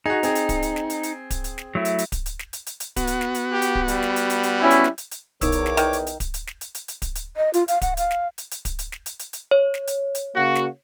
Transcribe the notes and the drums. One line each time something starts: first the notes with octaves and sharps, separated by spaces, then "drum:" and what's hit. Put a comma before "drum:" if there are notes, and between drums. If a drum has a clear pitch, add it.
D#4 F#4 G#4
C4 G#4, drum: hi-hat
drum: hi-hat
drum: kick D1, hi-hat
drum: hi-hat
drum: snare
drum: hi-hat
drum: hi-hat
drum: kick D1, hi-hat
drum: hi-hat
drum: snare
F#3 A3 E4
drum: hi-hat
drum: hi-hat
drum: kick D1, hi-hat
drum: hi-hat
drum: snare
drum: hi-hat
drum: hi-hat
drum: hi-hat
B3 F#4, drum: kick D1, hi-hat
drum: hi-hat
drum: snare
drum: hi-hat
G4
drum: hi-hat
drum: kick D1
G3, drum: hi-hat
drum: snare
drum: hi-hat
drum: hi-hat
drum: hi-hat
C#4 E4
drum: hi-hat
drum: snare
drum: hi-hat
drum: hi-hat
B1 E2 D#4 A#4 C#5 D6 E6, drum: kick D1, hi-hat
drum: hi-hat
drum: snare
D#3, drum: hi-hat
drum: hi-hat
drum: hi-hat
drum: kick D1, hi-hat
drum: hi-hat
drum: snare
drum: hi-hat
drum: hi-hat
drum: hi-hat
drum: kick D1, hi-hat
drum: hi-hat
D#5
F4, drum: hi-hat
F5, drum: hi-hat
F#5, drum: kick D1, hi-hat
F5, drum: hi-hat
drum: snare
drum: hi-hat
drum: hi-hat
drum: kick D1, hi-hat
drum: hi-hat
drum: snare
drum: hi-hat
drum: hi-hat
drum: hi-hat
C#5
drum: snare
drum: hi-hat
drum: hi-hat
C#3 A#3 F#4
drum: snare